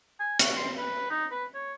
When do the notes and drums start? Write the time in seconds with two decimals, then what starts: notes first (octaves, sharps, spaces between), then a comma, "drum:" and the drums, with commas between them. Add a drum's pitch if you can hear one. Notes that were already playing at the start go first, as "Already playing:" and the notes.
0.20 G#5
0.39 F#4, drum: hi-hat
0.56 C6
0.78 B4
1.10 D#4
1.31 B4
1.55 C#5